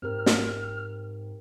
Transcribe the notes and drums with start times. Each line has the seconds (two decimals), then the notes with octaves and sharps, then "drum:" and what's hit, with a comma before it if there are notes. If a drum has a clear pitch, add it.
0.02 G#2 C4 G4 A#4 F6
0.26 drum: snare